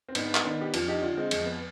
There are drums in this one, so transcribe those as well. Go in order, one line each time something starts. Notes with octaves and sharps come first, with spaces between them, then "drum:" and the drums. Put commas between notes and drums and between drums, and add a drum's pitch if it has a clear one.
C4
G#2 B3 D4, drum: cymbal
drum: clap
D#3 B3 D4
G4
F2 D4 F4, drum: cymbal
D#4 G4
D3 D4 F4
G#3 C4
F2 G#3, drum: cymbal
B3